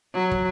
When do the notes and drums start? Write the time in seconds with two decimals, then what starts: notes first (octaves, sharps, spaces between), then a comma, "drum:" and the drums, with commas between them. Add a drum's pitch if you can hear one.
0.13 F#3
0.31 drum: kick